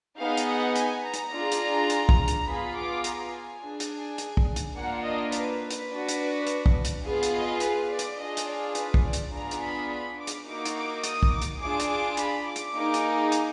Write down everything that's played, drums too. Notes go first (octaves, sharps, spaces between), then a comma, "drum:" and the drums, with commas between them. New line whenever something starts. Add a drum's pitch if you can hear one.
B3 D#4 G#4 F5
drum: hi-hat
F#5
G#5, drum: hi-hat
A#5
drum: hi-hat
D4 F4 G#4
drum: hi-hat
drum: hi-hat
drum: kick
drum: hi-hat
B3 F4 G#4 B5
D6
A#5, drum: hi-hat
G#5
D4 G#4
drum: hi-hat
drum: hi-hat
drum: kick
drum: hi-hat
A#3 D4 F4 F#5
D#5
B4, drum: hi-hat
drum: hi-hat
D4 F#4
drum: hi-hat
drum: hi-hat
drum: kick
drum: hi-hat
B3 F4 G#4
drum: hi-hat
D#5
B4, drum: hi-hat
D5
drum: hi-hat
D4 F4 G#4 D#5
drum: hi-hat
D5
B4, drum: hi-hat
drum: kick
D5
drum: hi-hat
B3 D4 F4 G#4 A#5
drum: hi-hat
B5
B5
D6
drum: hi-hat
A#3 D#4 F#4 D6
drum: hi-hat
D6
D#6, drum: hi-hat
drum: kick
D6
drum: hi-hat
D4 F4 G#4 D6
drum: hi-hat
D6
B5, drum: hi-hat
D6
drum: hi-hat
A#3 D#4 G#4
drum: hi-hat
drum: hi-hat